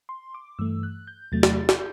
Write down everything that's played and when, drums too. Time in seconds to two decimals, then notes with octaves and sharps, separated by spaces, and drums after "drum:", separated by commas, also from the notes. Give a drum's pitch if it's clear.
0.09 C6
0.34 D6
0.59 G2 E3 A3 E6
0.83 F#6
1.07 G6
1.32 E2 C3 F#3 A3 A6
1.43 drum: snare
1.69 G6, drum: snare